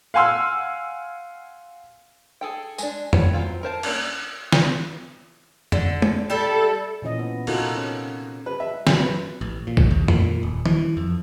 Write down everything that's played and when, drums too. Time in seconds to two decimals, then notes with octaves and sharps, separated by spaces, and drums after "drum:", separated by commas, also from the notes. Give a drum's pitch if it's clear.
0.14 F5 F#5 G#5 C6 E6 F6
2.41 G#4 A4 G5
2.78 G#3 D4, drum: tambourine
3.13 G3 B3 C4 B4 C#5, drum: tom F2
3.33 F#3 G#3 C4 F4
3.63 A#4 C5 A5
3.83 A#3 C#4 D4 E4 A#4, drum: cymbal
4.52 drum: snare
5.72 D3, drum: tom F2
6.02 drum: tom G#3
6.30 G3 E4 A4
7.02 A#2 E3 C#4 D#5
7.19 B3
7.47 C3 D#4 F4 F#4 A4 A#4, drum: cymbal
7.78 C#4
8.46 B4
8.60 E5
8.87 F#2, drum: snare
9.02 B4
9.41 A1
9.67 A#2
9.77 drum: kick B1
9.91 D#2
10.08 A#2, drum: tom F2
10.43 D#1
10.66 E3, drum: tom D#3
10.97 F2